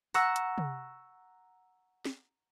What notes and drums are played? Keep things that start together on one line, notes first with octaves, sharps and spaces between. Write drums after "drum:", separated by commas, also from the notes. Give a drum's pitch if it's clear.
F#5 A#5 C#6 E6, drum: open hi-hat
drum: hi-hat
drum: tom
drum: snare